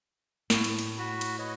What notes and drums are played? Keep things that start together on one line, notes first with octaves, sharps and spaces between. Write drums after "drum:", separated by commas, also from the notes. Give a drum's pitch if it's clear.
A2, drum: snare
drum: cymbal
drum: cymbal
F#4 B5
drum: cymbal
B4 C#5 D#5